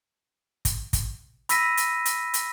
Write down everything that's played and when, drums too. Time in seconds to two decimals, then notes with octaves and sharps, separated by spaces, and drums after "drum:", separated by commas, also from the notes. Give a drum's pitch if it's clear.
0.65 drum: kick, hi-hat
0.93 drum: kick, hi-hat
1.49 B5 E6 A#6 B6 D#7, drum: hi-hat
1.77 drum: hi-hat
2.05 drum: hi-hat
2.34 drum: hi-hat